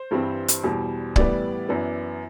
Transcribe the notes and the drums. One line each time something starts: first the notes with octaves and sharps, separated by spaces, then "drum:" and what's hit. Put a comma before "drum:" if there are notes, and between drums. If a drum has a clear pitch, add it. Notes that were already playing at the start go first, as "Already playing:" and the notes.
Already playing: C5
G2 E3 G3 C4
drum: hi-hat
E2 B2 G3
A2 E3 G3 B3 D5, drum: kick
F#2 E3 B3